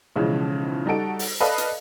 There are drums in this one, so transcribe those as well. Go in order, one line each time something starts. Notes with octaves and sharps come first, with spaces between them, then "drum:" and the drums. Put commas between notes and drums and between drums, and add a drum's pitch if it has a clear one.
B1 C#3 E3 F3 G#3
G3 D#4 F#4 A4 D7
drum: open hi-hat
A4 B4 D5 D#5 F5 A5
drum: hi-hat